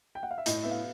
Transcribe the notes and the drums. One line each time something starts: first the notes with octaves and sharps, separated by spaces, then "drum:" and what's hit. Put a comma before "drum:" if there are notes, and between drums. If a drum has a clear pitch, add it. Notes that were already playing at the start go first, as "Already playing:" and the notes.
G5
F#5
F5
E5
A2 D#5, drum: hi-hat
B3 E5
F5